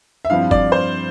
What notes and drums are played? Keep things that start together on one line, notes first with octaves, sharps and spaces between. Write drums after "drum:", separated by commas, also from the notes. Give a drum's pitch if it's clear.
E5
G2 F3 C4 E4 F5
D5, drum: kick F#1
C5